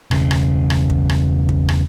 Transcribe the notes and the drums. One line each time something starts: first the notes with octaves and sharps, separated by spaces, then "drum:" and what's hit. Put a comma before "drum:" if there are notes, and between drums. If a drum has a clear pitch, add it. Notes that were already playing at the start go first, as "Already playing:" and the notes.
E1 C#3, drum: rim click
drum: rim click
drum: rim click
drum: kick
drum: rim click
drum: kick
drum: rim click